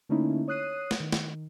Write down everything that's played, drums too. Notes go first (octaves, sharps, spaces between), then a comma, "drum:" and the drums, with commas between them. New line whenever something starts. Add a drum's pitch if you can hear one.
D3 A3 A#3 C#4 D#4 E4
C#5 D#6 F#6 C7 D#7
drum: snare
D#3
drum: snare